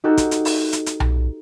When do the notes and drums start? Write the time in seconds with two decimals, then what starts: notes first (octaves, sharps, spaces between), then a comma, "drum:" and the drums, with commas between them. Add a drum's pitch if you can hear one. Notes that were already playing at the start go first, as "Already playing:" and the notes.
0.04 D#4 F#4 G4 A4
0.18 drum: kick, hi-hat
0.31 drum: hi-hat
0.45 drum: open hi-hat
0.73 drum: hi-hat
0.86 drum: hi-hat
1.00 drum: tom B1